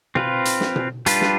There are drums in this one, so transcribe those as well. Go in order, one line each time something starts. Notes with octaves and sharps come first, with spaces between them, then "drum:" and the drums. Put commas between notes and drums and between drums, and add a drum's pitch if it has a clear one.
C4 F4 B4, drum: tom B2
drum: hi-hat
drum: snare
drum: tom B2
G3 D4 F4 B4, drum: hi-hat
drum: snare